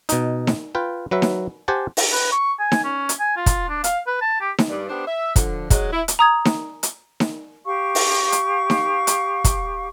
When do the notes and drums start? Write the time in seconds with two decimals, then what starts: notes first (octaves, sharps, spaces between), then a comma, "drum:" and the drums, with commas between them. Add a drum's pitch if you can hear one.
0.09 B2 D#4, drum: hi-hat
0.47 drum: snare D#4
0.75 F4 B4 G5
1.11 F#3 B4 E5
1.22 drum: snare D#4
1.68 G4 C5 F#5 G#5 A5
1.97 drum: open hi-hat
2.12 B4
2.32 C#6
2.59 G#5
2.72 drum: snare D#4
2.84 C#4
3.09 drum: hi-hat
3.20 G#5
3.37 F4
3.46 drum: kick, hi-hat
3.69 D4
3.84 F5, drum: hi-hat
4.07 B4
4.22 A5
4.41 G4
4.58 drum: snare D#4
4.70 G2 D5
4.89 B3 D4 G4 C5
5.07 E5
5.36 D3 F3, drum: kick, hi-hat
5.70 G#2 F#3 G#3, drum: kick, hi-hat
5.92 E4
6.08 drum: hi-hat
6.19 A#5 D#6 G#6
6.45 drum: snare D#4
6.83 drum: hi-hat
7.20 drum: snare D#4
7.66 G4 F5 C#6
7.95 drum: open hi-hat
8.32 drum: hi-hat
8.70 drum: snare D#4
9.07 drum: hi-hat
9.44 drum: kick, hi-hat